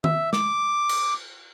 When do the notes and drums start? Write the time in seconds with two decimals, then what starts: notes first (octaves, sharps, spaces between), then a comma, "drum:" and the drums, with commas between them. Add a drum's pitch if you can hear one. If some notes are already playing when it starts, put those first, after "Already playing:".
0.04 E5, drum: tom D#3
0.33 D6, drum: snare
0.89 drum: cymbal